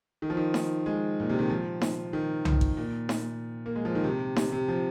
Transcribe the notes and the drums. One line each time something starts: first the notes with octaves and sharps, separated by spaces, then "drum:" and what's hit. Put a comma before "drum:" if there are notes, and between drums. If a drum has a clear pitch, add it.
D#3
F3
D#3
drum: snare D#4
G#3
A#2
C3
D#3
F3
drum: snare D#4
D#3
drum: tom C2
drum: kick G#1
A#2
drum: snare D#4
A#3
G#3
F3
D#3
C3
C3, drum: snare D#4
C3
F3